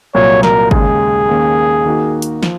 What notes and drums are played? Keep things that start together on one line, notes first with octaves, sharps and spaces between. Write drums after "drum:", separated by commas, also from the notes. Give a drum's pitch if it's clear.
C2 A#2 F#3 C#5
A#4, drum: snare
D#2 C#3 G#3 G#4, drum: kick G1
D#2 D#3 A#3 C#4
D#3 A#3 D#4 F#4
drum: hi-hat
F3, drum: snare